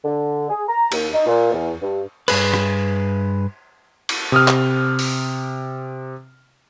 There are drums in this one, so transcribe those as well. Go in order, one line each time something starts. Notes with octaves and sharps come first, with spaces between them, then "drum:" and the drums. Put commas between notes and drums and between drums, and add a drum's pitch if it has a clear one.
D3
G#4
A#5
D#2, drum: cymbal
D#4
A#2
E2
G2
G2 G#4 B4, drum: cymbal
drum: rim click
drum: cymbal
C3 D#6 F6
drum: clap
drum: open hi-hat